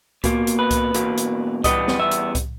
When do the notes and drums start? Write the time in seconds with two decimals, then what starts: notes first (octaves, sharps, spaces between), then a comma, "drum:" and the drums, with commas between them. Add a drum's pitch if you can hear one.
0.24 B2 A#3, drum: kick C2, hi-hat
0.47 drum: hi-hat
0.59 B4
0.71 drum: kick C2, hi-hat
0.94 E2 B2 A#3, drum: hi-hat
1.18 drum: hi-hat
1.64 E2 D#3 G3 B3 D#5, drum: kick C2, hi-hat
1.88 drum: snare
1.99 E5
2.11 drum: hi-hat
2.35 drum: kick C2, hi-hat